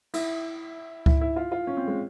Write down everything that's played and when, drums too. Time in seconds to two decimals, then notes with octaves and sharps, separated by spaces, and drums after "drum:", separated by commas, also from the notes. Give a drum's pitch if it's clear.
0.14 E4, drum: cymbal
1.06 E4, drum: kick C#2
1.21 E4
1.36 F4
1.52 F4
1.67 C#4
1.77 C4
1.87 G#3